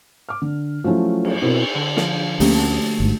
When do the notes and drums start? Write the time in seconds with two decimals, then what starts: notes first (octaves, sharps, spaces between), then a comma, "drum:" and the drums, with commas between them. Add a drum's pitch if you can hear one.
0.29 D6 F6
0.42 D3
0.84 F3 F#3 A3 C#4 E4
1.25 drum: cymbal
1.42 B2 C4 E4 A#4
1.75 D3 A4
1.97 F3, drum: snare
2.40 D2 A3 A#3 C#4 G4, drum: open hi-hat
2.55 F#4 A5
3.00 G1 G#2